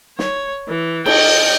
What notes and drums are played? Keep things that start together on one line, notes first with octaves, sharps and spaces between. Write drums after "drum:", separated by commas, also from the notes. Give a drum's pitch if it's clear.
C#5, drum: snare
E3
D#5 G5, drum: cymbal